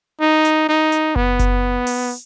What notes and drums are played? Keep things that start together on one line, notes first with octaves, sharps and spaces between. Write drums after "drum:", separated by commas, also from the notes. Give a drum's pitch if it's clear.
D#4
drum: hi-hat
D#4
drum: hi-hat
B3, drum: kick F#1
drum: kick F#1, hi-hat
drum: open hi-hat